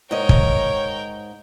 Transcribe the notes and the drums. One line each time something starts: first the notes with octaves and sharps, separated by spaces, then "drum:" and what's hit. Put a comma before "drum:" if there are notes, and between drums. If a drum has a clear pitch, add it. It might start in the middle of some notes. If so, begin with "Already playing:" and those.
G#2 A#4 C#5 D#5 G5
drum: kick